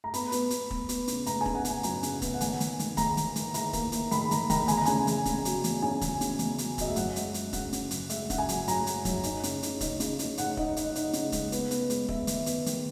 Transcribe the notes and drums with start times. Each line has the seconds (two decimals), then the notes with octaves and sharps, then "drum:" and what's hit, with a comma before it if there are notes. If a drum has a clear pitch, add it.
0.04 A#5
0.14 B3 B5, drum: hi-hat
0.32 B3, drum: hi-hat
0.50 B3, drum: hi-hat
0.71 B3, drum: kick
0.89 B3, drum: hi-hat
1.07 C#3, drum: hi-hat
1.26 B3 A#5, drum: hi-hat
1.41 G#5
1.46 C#3, drum: kick
1.55 F#5
1.65 C#3, drum: hi-hat
1.70 G#5
1.83 F#2 A#5, drum: hi-hat
2.03 C#3, drum: hi-hat
2.22 B3, drum: kick, hi-hat
2.34 F#5
2.41 D#3 G#5, drum: hi-hat
2.60 D#3, drum: hi-hat
2.79 D#3, drum: hi-hat
2.97 D#3 A#5, drum: kick, hi-hat
3.17 D#3, drum: hi-hat
3.36 D#3, drum: hi-hat
3.54 E4 A#5, drum: hi-hat
3.73 A#3, drum: kick, hi-hat
3.92 E4, drum: hi-hat
4.11 D#3 B5, drum: hi-hat
4.31 D#3 A#5, drum: hi-hat
4.50 D#3 A#5, drum: kick, hi-hat
4.68 E2 G#5, drum: hi-hat
4.77 A#5
4.86 C#3 G#5, drum: hi-hat
5.07 E2, drum: hi-hat
5.25 C#3, drum: kick, hi-hat
5.45 F#3, drum: hi-hat
5.64 E2, drum: hi-hat
5.82 C#3 G#5
6.01 E2, drum: kick, hi-hat
6.21 C#3, drum: hi-hat
6.39 E2, drum: hi-hat
6.58 F#3, drum: hi-hat
6.78 F#3 D#5, drum: kick, hi-hat
6.88 E5
6.96 F#2 F#5, drum: hi-hat
7.16 G#3, drum: hi-hat
7.34 F#2, drum: hi-hat
7.53 C#3 F#5, drum: kick, hi-hat
7.73 C#3, drum: hi-hat
7.91 F#2, drum: hi-hat
8.10 G#3 E5, drum: hi-hat
8.30 C#3 F#5, drum: kick, hi-hat
8.38 G#5
8.49 F#2, drum: hi-hat
8.68 F#2 A#5, drum: hi-hat
8.87 G#3, drum: hi-hat
9.05 F#2, drum: kick, hi-hat
9.23 D#4, drum: hi-hat
9.43 C#3, drum: hi-hat
9.63 C#3, drum: hi-hat
9.81 D#4, drum: kick, hi-hat
10.00 C#3, drum: hi-hat
10.19 C#3, drum: hi-hat
10.38 D#4 F#5, drum: hi-hat
10.57 D#4, drum: kick
10.76 D#4, drum: hi-hat
10.95 D#4, drum: hi-hat
11.13 C#3, drum: hi-hat
11.32 G#3, drum: kick, hi-hat
11.52 B3, drum: hi-hat
11.71 B3, drum: hi-hat
11.90 G#3, drum: hi-hat
12.09 B3 E5, drum: kick
12.27 D#3, drum: hi-hat
12.46 B3, drum: hi-hat
12.66 D#3, drum: hi-hat